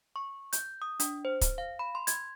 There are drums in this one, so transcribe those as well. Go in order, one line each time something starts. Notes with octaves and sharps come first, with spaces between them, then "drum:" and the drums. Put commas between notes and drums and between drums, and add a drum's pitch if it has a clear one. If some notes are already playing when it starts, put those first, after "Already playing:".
C#6
G6, drum: hi-hat
D#6
D4, drum: hi-hat
C5
drum: kick, hi-hat
F5
B5
C6
G#6, drum: hi-hat